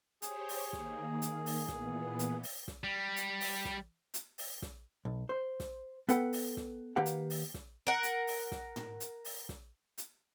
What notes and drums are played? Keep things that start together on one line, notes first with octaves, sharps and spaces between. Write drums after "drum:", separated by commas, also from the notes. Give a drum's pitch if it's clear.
G4 G#4 C5 C#5, drum: hi-hat
drum: open hi-hat
D#3 A#3, drum: snare
drum: hi-hat
drum: open hi-hat
A#2 E3 B3, drum: snare
drum: hi-hat
drum: open hi-hat
drum: snare
G3
drum: hi-hat
drum: open hi-hat
drum: snare
drum: hi-hat
drum: open hi-hat
drum: snare
B1
C5
drum: snare
B3 A4 B4 F#5 G5, drum: hi-hat
drum: open hi-hat
drum: snare
D#3 A#3 G4 B4 F5 F#5
drum: hi-hat
drum: open hi-hat
drum: snare
A#4 F#5
drum: hi-hat
drum: open hi-hat
drum: snare
drum: tom
drum: hi-hat
drum: open hi-hat
drum: snare
drum: hi-hat